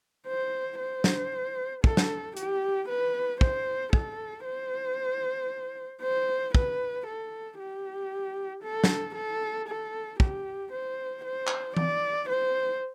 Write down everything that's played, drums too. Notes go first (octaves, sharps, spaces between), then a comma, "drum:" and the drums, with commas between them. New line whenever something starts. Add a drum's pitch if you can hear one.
C5
C5
drum: snare
A4, drum: kick
drum: snare
G4, drum: hi-hat
B4
C5, drum: kick
A4, drum: kick
C5
C5
B4, drum: kick
A4
G4
A4
drum: snare
A4
A4
G4, drum: kick
C5
C5
drum: clap
D5, drum: tom E3
C5